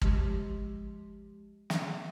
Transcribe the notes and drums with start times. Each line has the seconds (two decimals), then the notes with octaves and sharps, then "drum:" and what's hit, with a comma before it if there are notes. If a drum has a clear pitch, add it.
0.02 F3 G#3 G4, drum: kick
1.70 drum: snare